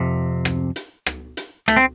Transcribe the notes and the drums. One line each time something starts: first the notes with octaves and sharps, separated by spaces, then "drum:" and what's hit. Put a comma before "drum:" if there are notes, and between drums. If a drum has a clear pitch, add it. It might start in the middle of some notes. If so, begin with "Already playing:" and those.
Already playing: F2 C3
drum: rim click
drum: hi-hat
drum: rim click
drum: hi-hat
A3, drum: rim click
C4